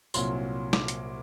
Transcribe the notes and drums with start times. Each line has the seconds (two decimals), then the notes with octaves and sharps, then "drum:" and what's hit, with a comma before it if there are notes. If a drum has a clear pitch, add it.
0.14 C2 A#2 F#3 C6, drum: tambourine
0.73 D6, drum: snare
0.88 drum: hi-hat